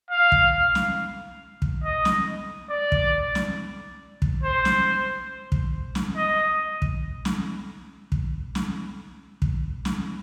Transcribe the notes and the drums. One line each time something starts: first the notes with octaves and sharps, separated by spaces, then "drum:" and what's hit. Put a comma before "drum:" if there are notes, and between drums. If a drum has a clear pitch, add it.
F5
drum: kick
drum: snare
drum: kick
D#5
drum: snare
D5
drum: kick
drum: snare
drum: kick
C5
drum: snare
drum: kick
drum: snare
D#5
drum: kick
drum: snare
drum: kick
drum: snare
drum: kick
drum: snare